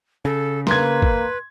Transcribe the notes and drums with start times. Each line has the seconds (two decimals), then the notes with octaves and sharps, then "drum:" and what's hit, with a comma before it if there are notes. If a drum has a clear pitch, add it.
0.25 C#3 A4
0.67 A#3 B4 C6 G#6, drum: snare
1.02 drum: kick